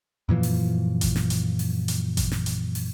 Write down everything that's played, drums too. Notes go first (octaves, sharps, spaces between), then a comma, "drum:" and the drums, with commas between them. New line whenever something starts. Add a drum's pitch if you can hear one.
F#2 A#2 E3 F3
drum: open hi-hat
drum: kick A1, hi-hat
drum: snare
drum: hi-hat
drum: open hi-hat
drum: hi-hat
drum: kick A1, hi-hat
drum: snare
drum: hi-hat
drum: open hi-hat